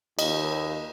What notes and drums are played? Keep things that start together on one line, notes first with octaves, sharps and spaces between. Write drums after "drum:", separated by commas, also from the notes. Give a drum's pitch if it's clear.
D#2 D#5, drum: cymbal